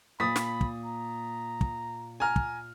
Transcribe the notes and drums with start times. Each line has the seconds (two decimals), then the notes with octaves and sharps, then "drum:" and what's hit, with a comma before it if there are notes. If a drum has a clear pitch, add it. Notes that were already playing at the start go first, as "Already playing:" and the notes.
0.20 A#2 B5 D#6 A6 B6
0.36 drum: snare
0.61 drum: kick
0.86 A#5
1.61 drum: kick
2.20 G#5 A#5 F6
2.36 drum: kick